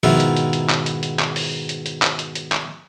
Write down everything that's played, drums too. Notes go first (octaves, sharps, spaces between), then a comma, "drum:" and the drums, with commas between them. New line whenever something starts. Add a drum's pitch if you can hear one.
G#2 B2 D#3 E4 F4 F#5, drum: open hi-hat
drum: hi-hat
drum: hi-hat
drum: hi-hat
drum: clap
drum: hi-hat
drum: hi-hat
drum: clap
drum: open hi-hat
drum: hi-hat
drum: hi-hat
drum: clap
drum: hi-hat
drum: hi-hat
drum: clap